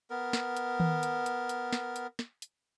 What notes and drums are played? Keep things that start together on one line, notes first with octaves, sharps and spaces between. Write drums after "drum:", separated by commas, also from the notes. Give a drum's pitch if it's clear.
B3 A#4
drum: snare
drum: hi-hat
drum: tom D#3
drum: hi-hat
drum: hi-hat
drum: hi-hat
drum: snare
drum: hi-hat
drum: snare
drum: hi-hat